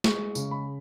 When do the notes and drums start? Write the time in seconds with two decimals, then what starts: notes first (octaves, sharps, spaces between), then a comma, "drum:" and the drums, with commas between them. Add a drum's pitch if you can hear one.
0.04 G#3 C#6, drum: snare
0.35 C#3, drum: tambourine
0.51 B5